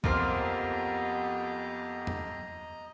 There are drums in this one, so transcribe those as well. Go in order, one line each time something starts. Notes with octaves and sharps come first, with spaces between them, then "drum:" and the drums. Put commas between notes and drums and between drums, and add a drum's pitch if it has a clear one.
F2 A#3 B3 F4 G4 C5 D#5 A#5, drum: kick
drum: tom E2